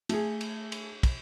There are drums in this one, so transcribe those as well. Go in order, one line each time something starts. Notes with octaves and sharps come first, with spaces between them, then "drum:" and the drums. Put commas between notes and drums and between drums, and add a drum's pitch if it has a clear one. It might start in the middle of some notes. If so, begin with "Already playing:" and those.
A3 G#4, drum: cymbal
drum: cymbal
drum: cymbal
drum: kick, cymbal